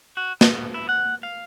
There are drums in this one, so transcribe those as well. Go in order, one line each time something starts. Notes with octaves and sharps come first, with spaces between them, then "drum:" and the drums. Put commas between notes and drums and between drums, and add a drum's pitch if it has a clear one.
F#4
B2, drum: snare
E4
F#5
F5